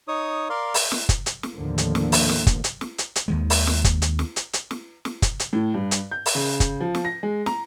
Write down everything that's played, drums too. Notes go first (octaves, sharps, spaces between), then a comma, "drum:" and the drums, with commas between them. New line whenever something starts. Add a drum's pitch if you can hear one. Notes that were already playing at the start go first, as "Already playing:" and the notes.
D#4 C#5 D#6
A#4 D5 F5 C6
drum: open hi-hat
drum: snare
drum: kick, hi-hat
drum: hi-hat
drum: snare
D#2 A2 D3 F3 A#3
drum: hi-hat
drum: snare
drum: open hi-hat
drum: snare
drum: kick, hi-hat
drum: hi-hat
drum: snare
drum: hi-hat
drum: hi-hat
D#2 D#3 G#3
drum: open hi-hat
drum: snare
drum: kick, hi-hat
drum: hi-hat
drum: snare
drum: hi-hat
drum: hi-hat
drum: snare
drum: snare
drum: kick, hi-hat
drum: hi-hat
A2
G2
drum: hi-hat
G6
drum: open hi-hat
C#3
drum: kick, hi-hat
F3
drum: snare
A#6
G#3
A#5, drum: snare